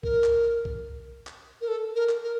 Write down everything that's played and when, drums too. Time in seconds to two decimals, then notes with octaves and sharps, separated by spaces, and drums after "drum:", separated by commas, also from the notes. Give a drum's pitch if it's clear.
0.03 A#4, drum: kick B1
0.24 drum: clap
0.65 drum: kick B1
1.27 drum: clap
1.61 A#4
1.68 A4
1.96 A#4
2.09 drum: clap
2.23 A#4